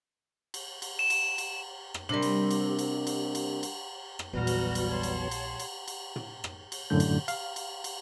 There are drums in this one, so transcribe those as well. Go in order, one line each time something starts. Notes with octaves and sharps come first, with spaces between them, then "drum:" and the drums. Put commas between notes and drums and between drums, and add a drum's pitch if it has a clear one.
drum: cymbal
drum: cymbal
E7
drum: cymbal
drum: cymbal
drum: rim click
C3 G3 D4 A#4
drum: cymbal
drum: cymbal
drum: cymbal
drum: cymbal
drum: cymbal
drum: cymbal
drum: rim click
A#1 E2 F#3 G3 B3 F#4 A#5 F6
drum: cymbal
drum: cymbal
C#5 A5 C6
drum: cymbal
drum: cymbal
drum: cymbal
drum: cymbal
drum: tom
drum: rim click
drum: cymbal
F#2 A2 D3 G6
drum: cymbal
F5, drum: cymbal
drum: cymbal
drum: cymbal